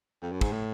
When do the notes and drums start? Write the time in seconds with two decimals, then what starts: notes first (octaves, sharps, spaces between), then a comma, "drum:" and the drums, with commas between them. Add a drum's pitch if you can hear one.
0.22 F2
0.32 F#2
0.41 G#2, drum: kick
0.52 A2